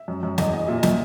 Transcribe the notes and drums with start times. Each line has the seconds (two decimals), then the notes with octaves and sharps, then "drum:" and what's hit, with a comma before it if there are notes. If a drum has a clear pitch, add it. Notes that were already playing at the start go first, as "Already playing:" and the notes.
Already playing: E5
0.08 F#2
0.23 F#2
0.38 E2 D#5, drum: snare
0.53 E2 D#5
0.68 A#2 E5
0.78 D#5
0.83 A#2 E5, drum: snare